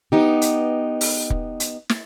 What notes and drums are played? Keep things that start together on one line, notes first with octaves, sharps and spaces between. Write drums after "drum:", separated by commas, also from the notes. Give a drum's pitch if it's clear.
B3 D#4 G4
drum: hi-hat
drum: open hi-hat
drum: kick
drum: hi-hat
drum: snare